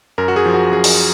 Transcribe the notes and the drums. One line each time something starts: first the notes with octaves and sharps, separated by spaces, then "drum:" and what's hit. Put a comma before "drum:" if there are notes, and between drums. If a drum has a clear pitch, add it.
F#2 A#4
F#4
G#4
F3
F#4
F#2 G#4
drum: open hi-hat